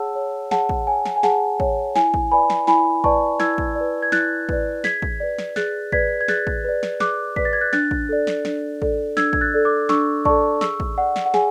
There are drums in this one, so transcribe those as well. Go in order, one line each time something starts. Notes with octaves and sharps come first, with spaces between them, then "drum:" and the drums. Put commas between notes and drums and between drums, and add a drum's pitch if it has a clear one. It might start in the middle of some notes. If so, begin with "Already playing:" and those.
Already playing: G#4 C#5 F#5 A5 E6
C#5
G#4 F#5 A5, drum: snare
drum: kick
C#5 G#5
drum: snare
G#5
G#4 F#5 A5, drum: snare
C#5, drum: kick
E4 G#5, drum: snare
drum: kick
B4 D5 G#5 B5
drum: snare
E4 G#5 B5, drum: snare
B4 D5 A5 C#6, drum: kick
E4 E6 G#6, drum: snare
drum: kick
D5
B4
G#6
E4 F#6 A6, drum: snare
B4 D5, drum: kick
G#4 G#6 B6, drum: snare
drum: kick
B4 D5
drum: snare
G#4 F#6 A6, drum: snare
B4 D5 G#6 B6, drum: kick
G#6
G#4 F#6 A6, drum: snare
drum: kick
B4 D5
drum: snare
G#4 D6 F#6, drum: snare
B4 D5 B6, drum: kick
A6
G#6
F#6 A6
D4 F#6 A6, drum: snare
drum: kick
A4 D5
drum: snare
D4, drum: snare
A4 D5, drum: kick
D4 E6 G#6, drum: snare
G#6, drum: kick
F#6 A6
A4 D5
D6 F#6
D4 C#6 E6, drum: snare
A4 D5 A5 C#6, drum: kick
G#4 C#6 E6, drum: snare
drum: kick
D5 F#5
drum: snare
F#5
G#4 G#5, drum: snare